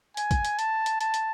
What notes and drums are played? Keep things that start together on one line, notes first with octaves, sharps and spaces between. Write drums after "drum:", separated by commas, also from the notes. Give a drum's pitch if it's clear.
G#5, drum: hi-hat
drum: kick, hi-hat
drum: hi-hat
A5, drum: hi-hat
drum: hi-hat
A5, drum: hi-hat
drum: hi-hat